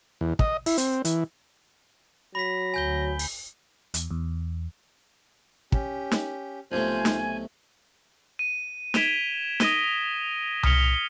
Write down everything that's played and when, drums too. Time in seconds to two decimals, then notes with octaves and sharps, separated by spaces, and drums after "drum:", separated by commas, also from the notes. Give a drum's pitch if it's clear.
0.21 E2
0.39 D#5, drum: kick
0.66 E4, drum: open hi-hat
0.78 C4, drum: hi-hat
1.05 E3, drum: hi-hat
2.35 F#3 B5 A#6 B6
2.74 D2 G#5 G6 G7
3.19 drum: open hi-hat
3.94 E2, drum: hi-hat
4.11 E2
5.72 C#4 G4, drum: kick
6.12 drum: snare
6.72 B1 C3 F3 A3 C5 G#5
7.05 drum: snare
8.39 D#7
8.94 G#6 B6 D7 E7 F7 G7, drum: snare
9.60 D#6 A#6 D#7 G7, drum: snare
10.63 D#6 F6 B6 C#7 F7 G7, drum: tom C2